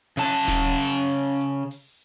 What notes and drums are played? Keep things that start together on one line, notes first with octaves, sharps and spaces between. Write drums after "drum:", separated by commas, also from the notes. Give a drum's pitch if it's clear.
C#3 A5, drum: hi-hat
drum: snare D#1
drum: open hi-hat
drum: open hi-hat
drum: hi-hat
drum: open hi-hat